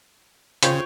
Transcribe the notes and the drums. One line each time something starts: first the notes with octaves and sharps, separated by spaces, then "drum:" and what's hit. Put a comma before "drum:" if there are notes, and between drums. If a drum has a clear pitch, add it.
C#3 F4 C5 C#5 F5 G5 C6, drum: hi-hat